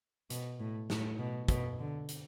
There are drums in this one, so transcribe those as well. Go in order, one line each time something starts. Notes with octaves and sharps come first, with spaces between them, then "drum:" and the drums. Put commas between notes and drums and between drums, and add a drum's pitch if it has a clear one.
B2, drum: hi-hat
A2
A2, drum: snare
B2
B2, drum: kick, hi-hat
D3
drum: hi-hat